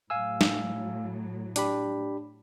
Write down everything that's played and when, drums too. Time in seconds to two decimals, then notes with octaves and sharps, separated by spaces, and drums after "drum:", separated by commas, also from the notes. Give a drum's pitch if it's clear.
0.10 A2 F#3 F5 G#5 E6
0.41 drum: snare
1.56 D4 G4 B5, drum: hi-hat